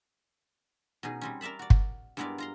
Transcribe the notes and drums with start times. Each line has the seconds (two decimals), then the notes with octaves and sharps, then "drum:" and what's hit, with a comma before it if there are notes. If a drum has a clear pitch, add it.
1.03 B2 C#4 D#4 G#4
1.21 G3 C4 C#4
1.41 A#4 D5 E5 A5 B5
1.59 F#4 D5
1.70 drum: kick
2.17 G2 G#3 B3 E4 A#4 D5
2.38 F4 A#5 C6